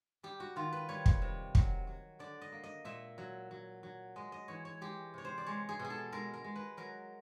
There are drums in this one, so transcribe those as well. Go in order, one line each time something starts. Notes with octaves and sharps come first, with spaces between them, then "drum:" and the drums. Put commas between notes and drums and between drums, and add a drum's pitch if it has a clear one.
G3 G4
F#4
D#3 F4
B4
G3 C#5
drum: kick
C3
F#3, drum: kick
F#3
D3 D5
D#5
A#3
D#5
A#2 E5
F#3
F#3
F#3
G#3 D#5
D#5
E3 C#5
C#5
G#3 G4
C3 C#5
C5
D5
G#3 C#5
G#4
B2
G#4
A4
G#3 A#4
A#4
G#3
B4
F#3 A#4